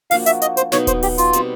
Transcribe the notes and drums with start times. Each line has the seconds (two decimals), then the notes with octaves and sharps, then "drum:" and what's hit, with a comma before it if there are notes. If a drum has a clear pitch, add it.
0.11 F3 A#3 D4 F#4 F5, drum: open hi-hat
0.26 E5, drum: hi-hat
0.42 D#5, drum: hi-hat
0.57 C5, drum: hi-hat
0.72 B2 F#3 B3 D#4 C#5, drum: snare
0.87 C5, drum: kick D#1, hi-hat
1.03 G4, drum: open hi-hat
1.18 F4, drum: hi-hat
1.33 B2 G3 C4, drum: hi-hat